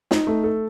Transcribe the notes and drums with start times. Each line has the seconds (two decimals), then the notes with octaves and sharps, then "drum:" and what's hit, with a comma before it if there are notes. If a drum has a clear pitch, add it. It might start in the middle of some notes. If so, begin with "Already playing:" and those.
0.11 D#4, drum: snare
0.27 A3
0.44 A4